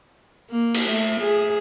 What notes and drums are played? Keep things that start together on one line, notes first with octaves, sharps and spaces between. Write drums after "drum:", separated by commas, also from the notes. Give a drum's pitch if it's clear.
A#3
drum: cymbal
A3
G#4